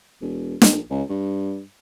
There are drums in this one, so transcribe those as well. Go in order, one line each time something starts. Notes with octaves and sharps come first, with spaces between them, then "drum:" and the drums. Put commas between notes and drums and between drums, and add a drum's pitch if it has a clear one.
E1
A#1, drum: snare
C#2
G2